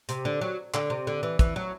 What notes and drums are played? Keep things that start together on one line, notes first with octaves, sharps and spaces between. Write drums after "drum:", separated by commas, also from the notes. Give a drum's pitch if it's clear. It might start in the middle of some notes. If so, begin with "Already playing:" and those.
C3, drum: hi-hat
D3
F#3
D3, drum: clap
C3
D3
E3
E3, drum: kick, hi-hat
F#3